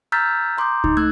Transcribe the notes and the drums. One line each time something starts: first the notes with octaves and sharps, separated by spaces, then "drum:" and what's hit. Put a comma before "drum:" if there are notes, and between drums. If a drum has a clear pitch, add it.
A#5 E6 F6 G6 A6 B6
A#5 C6 D6 D#6 G6
D#4, drum: kick C#2
A3 E6 F#6 G#6